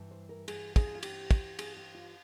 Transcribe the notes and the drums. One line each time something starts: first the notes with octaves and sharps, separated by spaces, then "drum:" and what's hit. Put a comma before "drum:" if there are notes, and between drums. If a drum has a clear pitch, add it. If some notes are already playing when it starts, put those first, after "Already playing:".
Already playing: G2 E3
C5
A#4
G#4, drum: cymbal
G#4, drum: kick, cymbal
F4
G4, drum: cymbal
drum: kick, cymbal
G#4, drum: cymbal
G4
F4